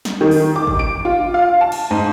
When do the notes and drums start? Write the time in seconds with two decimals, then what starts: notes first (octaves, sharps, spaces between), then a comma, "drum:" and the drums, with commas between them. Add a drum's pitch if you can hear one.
0.05 drum: snare
0.21 D#3
0.31 drum: open hi-hat
0.56 D6
0.67 drum: kick G#1
0.79 D7
1.05 F4
1.34 F5
1.61 A5
1.72 drum: cymbal
1.91 G#2